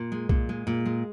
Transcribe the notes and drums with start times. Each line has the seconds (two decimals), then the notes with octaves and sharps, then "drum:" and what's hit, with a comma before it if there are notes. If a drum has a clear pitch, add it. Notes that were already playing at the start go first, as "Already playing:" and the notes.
Already playing: A#2
0.12 G#3
0.29 A#2, drum: kick B1
0.49 G#3
0.67 A#2
0.86 G#3